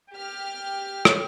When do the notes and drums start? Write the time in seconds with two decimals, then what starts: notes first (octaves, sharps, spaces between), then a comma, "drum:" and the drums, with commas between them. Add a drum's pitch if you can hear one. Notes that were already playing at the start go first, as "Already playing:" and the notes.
0.14 G4 F6
1.05 drum: rim click